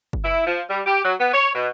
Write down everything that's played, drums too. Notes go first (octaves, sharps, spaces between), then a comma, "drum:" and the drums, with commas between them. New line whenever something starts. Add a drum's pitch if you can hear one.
drum: kick
E4
F3
G3
G4
F#3
B3
C#5
B2